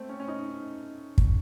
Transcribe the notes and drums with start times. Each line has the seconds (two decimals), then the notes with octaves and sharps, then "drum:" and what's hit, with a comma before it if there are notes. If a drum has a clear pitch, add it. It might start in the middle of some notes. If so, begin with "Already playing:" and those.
Already playing: A3 C4
0.09 C#4
0.20 C#4
0.28 D#4
1.18 drum: kick